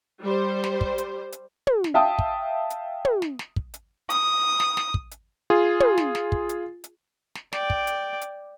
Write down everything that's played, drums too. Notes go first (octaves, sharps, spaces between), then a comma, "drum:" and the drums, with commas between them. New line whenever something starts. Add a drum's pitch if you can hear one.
G3 C5
drum: snare
drum: kick
drum: hi-hat
drum: hi-hat
drum: tom
drum: snare
E5 F5 G5 A5 D#6
drum: kick
drum: hi-hat
drum: tom
drum: snare
drum: snare
drum: kick
drum: hi-hat
D#6, drum: hi-hat
drum: snare
drum: snare
drum: kick
drum: hi-hat
F4 G#4
drum: tom
drum: snare
drum: snare
drum: kick
drum: hi-hat
drum: hi-hat
drum: snare
D5 G5, drum: snare
drum: kick
drum: hi-hat
drum: hi-hat